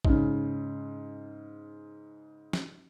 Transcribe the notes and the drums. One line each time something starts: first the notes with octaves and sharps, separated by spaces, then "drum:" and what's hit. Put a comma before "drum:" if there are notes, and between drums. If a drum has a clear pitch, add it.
G#2 C#3, drum: kick A1
drum: snare